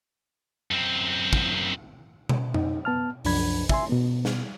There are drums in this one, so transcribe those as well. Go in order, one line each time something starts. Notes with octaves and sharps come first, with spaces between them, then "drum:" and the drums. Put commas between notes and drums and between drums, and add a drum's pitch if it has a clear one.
F#2 C4
drum: kick
drum: tom B2
D#4, drum: tom F2
B3 A5 F6
C2 F#2 F3 D4 B5 G#6, drum: open hi-hat
E5 G#5 C6, drum: kick
B2 B3
drum: snare